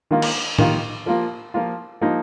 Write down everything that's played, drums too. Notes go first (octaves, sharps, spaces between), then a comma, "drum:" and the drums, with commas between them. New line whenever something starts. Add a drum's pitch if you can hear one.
D#3 A#3 F4
drum: cymbal
D#3 A#3 F4, drum: tom A2
F3 A#3 F4
F3 A#3 F4
F3 A#3 D#4